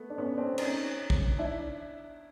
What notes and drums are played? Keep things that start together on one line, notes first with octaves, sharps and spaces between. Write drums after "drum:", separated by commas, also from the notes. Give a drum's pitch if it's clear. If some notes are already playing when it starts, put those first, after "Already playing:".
Already playing: A3 B3
D4
B3 C#4
C4 D4
C#4 D#4, drum: cymbal
drum: kick
D4 E4